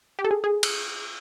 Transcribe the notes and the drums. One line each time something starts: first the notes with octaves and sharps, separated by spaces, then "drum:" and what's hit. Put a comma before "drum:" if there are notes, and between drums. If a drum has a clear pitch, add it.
G4
A4
G#4
G#4
drum: cymbal